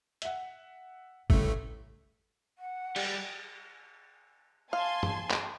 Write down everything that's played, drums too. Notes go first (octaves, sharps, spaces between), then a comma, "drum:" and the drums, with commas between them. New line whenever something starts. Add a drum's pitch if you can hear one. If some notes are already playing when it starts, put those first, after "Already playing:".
E5 F#5, drum: hi-hat
A1 A2 C#3 G3 A3, drum: kick
F#5
G3, drum: cymbal
F5 G#5 A5 C6
drum: tom G2
drum: clap